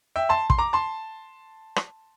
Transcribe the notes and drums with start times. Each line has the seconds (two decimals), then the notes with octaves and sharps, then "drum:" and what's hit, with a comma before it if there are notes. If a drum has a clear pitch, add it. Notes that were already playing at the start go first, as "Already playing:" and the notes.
0.16 E5 G5
0.29 A5 C6
0.50 C6, drum: kick
0.58 A#5 D6
0.73 A5 C6
1.76 drum: rim click